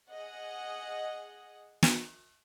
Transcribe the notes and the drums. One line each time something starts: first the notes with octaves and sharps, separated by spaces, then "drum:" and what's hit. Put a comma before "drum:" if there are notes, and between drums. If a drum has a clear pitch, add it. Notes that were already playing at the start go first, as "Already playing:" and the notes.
G#4 D#5 F#5
drum: snare